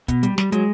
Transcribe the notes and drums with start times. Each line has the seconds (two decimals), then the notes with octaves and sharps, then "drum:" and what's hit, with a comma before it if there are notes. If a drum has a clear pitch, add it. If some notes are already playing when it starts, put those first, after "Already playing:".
0.08 B2, drum: kick, hi-hat
0.23 G3, drum: hi-hat
0.38 G3, drum: snare
0.52 F#3 G#3, drum: hi-hat